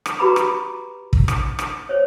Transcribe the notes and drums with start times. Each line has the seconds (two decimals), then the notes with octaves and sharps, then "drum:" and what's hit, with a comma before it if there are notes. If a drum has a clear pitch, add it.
0.06 drum: rim click
0.19 F#4 G4 B4 A#5 B5 D6
0.36 drum: rim click
1.13 drum: kick
1.28 drum: rim click
1.59 drum: rim click
1.89 C5 C#5